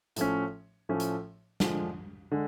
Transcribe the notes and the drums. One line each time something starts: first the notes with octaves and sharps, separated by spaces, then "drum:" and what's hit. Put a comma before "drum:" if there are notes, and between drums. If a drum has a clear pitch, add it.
A2 F3 A3 C#4, drum: hi-hat
A2 F3 A3 C#4
drum: hi-hat
D3 F3 G#3, drum: snare
D3 G#3